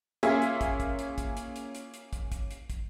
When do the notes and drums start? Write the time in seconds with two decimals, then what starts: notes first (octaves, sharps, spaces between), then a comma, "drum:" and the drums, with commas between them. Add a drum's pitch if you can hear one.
0.23 A#3 C#4 F4 G#4 E5, drum: hi-hat
0.42 drum: hi-hat
0.61 drum: kick, hi-hat
0.80 drum: kick, hi-hat
0.99 drum: hi-hat
1.18 drum: kick, hi-hat
1.37 drum: hi-hat
1.56 drum: hi-hat
1.75 drum: hi-hat
1.94 drum: hi-hat
2.13 drum: kick, hi-hat
2.32 drum: kick, hi-hat
2.51 drum: hi-hat
2.70 drum: kick, hi-hat